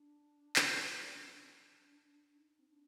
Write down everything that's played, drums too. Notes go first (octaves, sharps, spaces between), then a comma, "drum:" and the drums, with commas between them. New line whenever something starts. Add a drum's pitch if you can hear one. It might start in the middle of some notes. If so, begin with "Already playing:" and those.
Already playing: D4
drum: clap
D4
C4
D4
D4
D#4
C4
D4